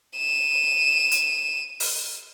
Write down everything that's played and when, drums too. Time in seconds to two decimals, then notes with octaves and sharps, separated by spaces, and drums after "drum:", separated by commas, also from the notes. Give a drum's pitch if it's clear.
0.18 D#7 E7
1.11 drum: hi-hat
1.80 drum: open hi-hat